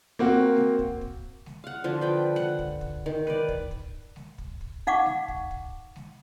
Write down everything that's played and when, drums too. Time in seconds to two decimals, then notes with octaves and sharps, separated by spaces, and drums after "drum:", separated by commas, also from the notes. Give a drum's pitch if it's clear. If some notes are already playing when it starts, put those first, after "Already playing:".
0.19 A#3 C4 F#4
0.56 drum: snare G#3
0.79 drum: kick
1.01 drum: kick
1.46 drum: snare G#3
1.64 F5 F#5
1.84 D3 F3
2.01 B4 G5
2.36 F#5, drum: snare G#3
2.59 drum: kick
2.81 drum: kick
3.06 D#3
3.27 B4 D5, drum: snare G#3
3.48 drum: kick
3.71 drum: kick
4.16 drum: snare G#3
4.38 drum: kick
4.61 drum: kick
4.87 D#4 F5 F#5 C#6 D6
5.06 drum: snare G#3
5.28 drum: kick
5.51 drum: kick
5.96 drum: snare G#3